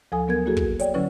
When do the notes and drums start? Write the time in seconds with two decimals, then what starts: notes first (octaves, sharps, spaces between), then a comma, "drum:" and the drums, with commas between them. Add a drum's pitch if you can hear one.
0.12 D2 F3 A4 G#5 D#6
0.28 F#3 B3 A#4 G#6
0.46 A#3 E4 F#4 G#4 A4
0.57 drum: kick
0.79 C#5 D5 G5, drum: hi-hat
0.94 D3 F#3 C#4 E4 B4